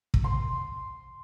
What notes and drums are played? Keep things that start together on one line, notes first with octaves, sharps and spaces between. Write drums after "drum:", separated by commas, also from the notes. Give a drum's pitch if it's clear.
drum: kick
C6